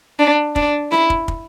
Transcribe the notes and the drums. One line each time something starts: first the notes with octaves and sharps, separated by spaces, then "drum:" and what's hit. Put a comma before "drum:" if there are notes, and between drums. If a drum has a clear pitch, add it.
D4
D4, drum: kick
E4, drum: snare C#4
drum: kick
drum: kick